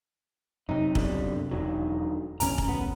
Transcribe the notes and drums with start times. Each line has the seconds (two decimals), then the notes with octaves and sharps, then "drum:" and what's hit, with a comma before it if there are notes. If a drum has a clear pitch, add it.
0.69 F#2 C3 D#4
0.95 B2 D3 G3, drum: kick
1.51 E1 D3 D#3 F#3
2.40 E1 A1 C#4 A#5, drum: hi-hat
2.58 drum: kick
2.69 B3